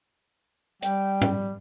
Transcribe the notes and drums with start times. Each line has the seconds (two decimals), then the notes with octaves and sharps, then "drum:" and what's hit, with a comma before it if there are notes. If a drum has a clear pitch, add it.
0.82 G3 G5, drum: hi-hat
1.21 drum: tom G#2